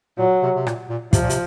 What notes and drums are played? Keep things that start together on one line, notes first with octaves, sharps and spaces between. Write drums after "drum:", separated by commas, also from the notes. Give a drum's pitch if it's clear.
A#2 F#3
C3
C3
A#2, drum: rim click
A#2
C3 F3, drum: kick, hi-hat
A#2
C3, drum: hi-hat